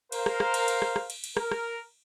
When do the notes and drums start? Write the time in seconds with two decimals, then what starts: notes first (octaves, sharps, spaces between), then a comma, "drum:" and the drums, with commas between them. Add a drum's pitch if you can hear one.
0.12 A#4 C5 F5, drum: cymbal
0.26 drum: rim click
0.40 drum: rim click
0.54 drum: cymbal
0.68 drum: cymbal
0.82 drum: rim click
0.96 drum: rim click
1.10 drum: cymbal
1.24 drum: cymbal
1.37 A#4, drum: rim click
1.51 drum: rim click